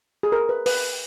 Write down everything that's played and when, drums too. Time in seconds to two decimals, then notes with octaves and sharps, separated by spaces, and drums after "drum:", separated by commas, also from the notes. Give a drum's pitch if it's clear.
0.23 G#4
0.32 A#4
0.49 B4
0.66 B4, drum: open hi-hat